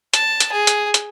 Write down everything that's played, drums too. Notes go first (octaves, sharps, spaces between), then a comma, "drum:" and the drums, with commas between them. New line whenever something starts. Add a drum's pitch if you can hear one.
A5, drum: hi-hat
drum: hi-hat
G#4
drum: hi-hat
drum: hi-hat